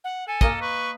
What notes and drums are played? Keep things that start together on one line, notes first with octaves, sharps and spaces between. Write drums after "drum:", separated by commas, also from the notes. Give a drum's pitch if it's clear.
F#5
A4 G#5
A#3 D#5, drum: kick
B4 C#6